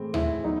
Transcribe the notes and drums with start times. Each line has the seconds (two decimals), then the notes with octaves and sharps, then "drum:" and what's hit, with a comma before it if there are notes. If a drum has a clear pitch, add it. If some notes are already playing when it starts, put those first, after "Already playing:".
Already playing: A2 E3 G#3 C4
0.14 E4, drum: tom D2
0.43 F#3 B3 D#4